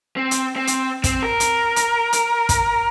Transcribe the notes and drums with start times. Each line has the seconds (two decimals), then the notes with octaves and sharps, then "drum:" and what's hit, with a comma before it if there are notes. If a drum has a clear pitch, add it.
0.16 C4
0.31 drum: hi-hat
0.56 C4
0.67 drum: hi-hat
1.04 C4, drum: kick, hi-hat
1.22 A#4
1.40 drum: hi-hat
1.76 drum: hi-hat
2.13 drum: hi-hat
2.49 drum: kick, hi-hat